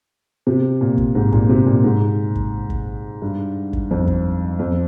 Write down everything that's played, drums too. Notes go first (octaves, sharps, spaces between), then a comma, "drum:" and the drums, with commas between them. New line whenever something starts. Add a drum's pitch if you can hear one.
C3
A#2
drum: kick
G#2
A#2, drum: kick
C3
A#2
G#2
drum: kick
drum: kick
G2
drum: kick
F2
drum: kick
F2